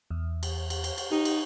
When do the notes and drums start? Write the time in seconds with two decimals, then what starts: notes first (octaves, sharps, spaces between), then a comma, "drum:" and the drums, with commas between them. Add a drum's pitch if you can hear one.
0.11 E2
0.43 drum: cymbal
0.70 drum: cymbal
0.84 drum: cymbal
0.98 drum: cymbal
1.12 D#4 G4
1.25 drum: cymbal